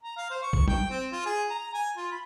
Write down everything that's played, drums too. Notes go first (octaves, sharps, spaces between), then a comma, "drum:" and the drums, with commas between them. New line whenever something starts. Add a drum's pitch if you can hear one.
A#5
F5
C5
C#6
drum: kick
G5, drum: tom
C4
F4
G#4
A#5
G#5
F4
B5